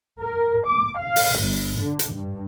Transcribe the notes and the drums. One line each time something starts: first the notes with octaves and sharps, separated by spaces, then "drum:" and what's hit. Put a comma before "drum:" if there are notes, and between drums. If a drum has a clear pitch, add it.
A#4
D6
F5
drum: open hi-hat
G1
D3
drum: hi-hat
G2